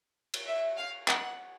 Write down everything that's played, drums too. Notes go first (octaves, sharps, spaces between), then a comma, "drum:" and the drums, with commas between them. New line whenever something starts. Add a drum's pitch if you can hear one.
drum: cymbal
E5
F5
F#5, drum: clap